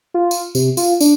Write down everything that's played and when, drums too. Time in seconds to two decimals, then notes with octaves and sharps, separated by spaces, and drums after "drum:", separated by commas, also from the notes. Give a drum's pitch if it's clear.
0.14 F4
0.31 drum: tambourine
0.55 C3, drum: tambourine
0.77 F4, drum: tambourine
1.00 D4, drum: tambourine